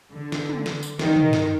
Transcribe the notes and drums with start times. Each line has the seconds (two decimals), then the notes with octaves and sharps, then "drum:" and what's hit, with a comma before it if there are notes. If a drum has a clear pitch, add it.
0.15 D3
0.32 drum: snare
0.49 drum: tom
0.66 drum: snare
0.83 drum: tambourine
0.99 D#3, drum: snare
1.16 drum: tom
1.33 drum: snare